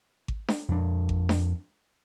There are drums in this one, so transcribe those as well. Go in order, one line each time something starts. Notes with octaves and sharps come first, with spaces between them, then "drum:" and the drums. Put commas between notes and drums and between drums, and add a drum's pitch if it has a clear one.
drum: kick G#1
drum: snare D4
F2 D4
drum: kick G#1
drum: snare D4